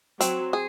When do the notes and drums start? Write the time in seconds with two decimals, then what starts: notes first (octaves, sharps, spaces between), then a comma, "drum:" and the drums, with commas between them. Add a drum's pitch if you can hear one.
0.21 F#3 C4, drum: hi-hat
0.53 G#4